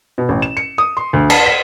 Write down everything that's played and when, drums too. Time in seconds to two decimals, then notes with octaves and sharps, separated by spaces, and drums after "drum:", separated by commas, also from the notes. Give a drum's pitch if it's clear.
0.18 B2
0.29 A1
0.42 E7
0.57 C#7
0.78 D#6
0.97 C6
1.13 D2
1.30 A5, drum: cymbal
1.46 B6